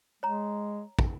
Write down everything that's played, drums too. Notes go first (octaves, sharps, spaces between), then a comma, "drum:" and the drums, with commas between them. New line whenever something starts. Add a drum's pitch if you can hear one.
G#3 C#5 A#5
drum: kick